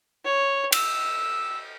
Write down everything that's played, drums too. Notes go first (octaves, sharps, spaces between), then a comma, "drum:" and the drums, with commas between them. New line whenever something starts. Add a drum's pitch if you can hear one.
C#5
E6, drum: cymbal